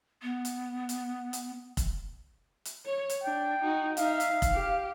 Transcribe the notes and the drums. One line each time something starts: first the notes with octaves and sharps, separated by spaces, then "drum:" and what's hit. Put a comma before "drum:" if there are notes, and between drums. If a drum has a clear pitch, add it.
B3
drum: hi-hat
drum: hi-hat
drum: hi-hat
drum: kick, hi-hat
drum: hi-hat
C#5
drum: hi-hat
D4 G5
D#4 F#4
D#4 E5 F5, drum: hi-hat
drum: hi-hat
drum: kick, hi-hat
G4